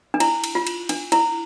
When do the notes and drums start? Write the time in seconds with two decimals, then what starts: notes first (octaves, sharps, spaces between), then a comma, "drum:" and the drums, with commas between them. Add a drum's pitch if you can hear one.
0.14 D4
0.20 E4, drum: cymbal
0.44 drum: cymbal
0.55 F4
0.67 drum: cymbal
0.89 D4, drum: cymbal
1.12 E4, drum: cymbal